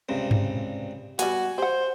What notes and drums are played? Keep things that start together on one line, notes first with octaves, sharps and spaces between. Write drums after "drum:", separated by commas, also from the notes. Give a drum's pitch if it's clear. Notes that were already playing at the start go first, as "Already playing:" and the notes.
C#2 G2 C3
drum: tom G2
G3 B3 F#4 G#5, drum: hi-hat
G4 C5 F#5